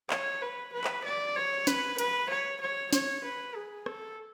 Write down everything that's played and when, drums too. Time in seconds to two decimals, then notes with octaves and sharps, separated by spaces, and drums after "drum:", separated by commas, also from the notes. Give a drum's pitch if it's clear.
0.10 C#5, drum: clap
0.42 B4
0.73 B4
0.84 drum: clap
1.05 D5
1.36 C#5
1.67 B4, drum: snare
1.98 B4, drum: hi-hat
2.30 C#5
2.61 C#5
2.93 C#5, drum: snare
3.24 B4
3.55 G#4
3.86 A4, drum: rim click